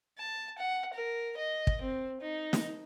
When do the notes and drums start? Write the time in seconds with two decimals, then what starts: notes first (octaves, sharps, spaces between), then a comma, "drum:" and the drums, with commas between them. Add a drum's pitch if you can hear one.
0.18 A5
0.59 F#5
0.94 A#4
1.38 D#5
1.67 drum: kick
1.82 C4
2.21 D#4
2.53 drum: snare